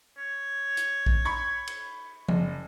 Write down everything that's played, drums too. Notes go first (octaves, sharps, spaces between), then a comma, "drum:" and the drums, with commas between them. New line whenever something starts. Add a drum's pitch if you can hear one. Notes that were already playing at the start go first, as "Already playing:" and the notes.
C#5
drum: hi-hat
drum: kick
B5 C#6 G#6
drum: cymbal
F#1, drum: tom